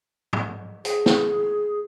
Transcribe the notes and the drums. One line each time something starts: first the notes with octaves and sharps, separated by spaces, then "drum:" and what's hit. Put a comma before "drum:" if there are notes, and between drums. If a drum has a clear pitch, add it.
drum: tom
G#4, drum: hi-hat
drum: snare